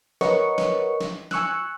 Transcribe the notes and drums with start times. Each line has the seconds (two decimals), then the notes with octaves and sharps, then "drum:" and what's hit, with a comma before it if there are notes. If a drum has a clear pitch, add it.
0.21 A#4 B4 C#5 D#5 F#5 C#6, drum: snare
0.58 drum: snare
1.01 drum: snare
1.31 G#5 C#6 E6 F#6, drum: snare